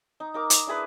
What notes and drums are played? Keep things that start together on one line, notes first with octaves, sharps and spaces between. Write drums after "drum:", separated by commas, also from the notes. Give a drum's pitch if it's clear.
D#4
D#4 A#4 D6
A#5 E6, drum: hi-hat
D4 E4 G#4 B4